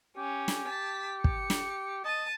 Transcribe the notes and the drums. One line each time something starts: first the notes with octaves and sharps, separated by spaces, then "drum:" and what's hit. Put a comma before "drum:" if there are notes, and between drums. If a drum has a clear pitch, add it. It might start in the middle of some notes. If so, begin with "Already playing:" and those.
C#4 G4
drum: snare
A5 B6
C#7, drum: kick
drum: snare
D#5 A5 D#7